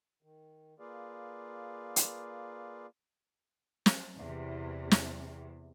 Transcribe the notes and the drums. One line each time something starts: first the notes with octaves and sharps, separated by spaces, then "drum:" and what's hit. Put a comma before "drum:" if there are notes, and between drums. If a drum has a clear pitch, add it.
D#3
A#3 F4 G#4 B4 D5 F5
drum: hi-hat
drum: snare
E2 C3
drum: snare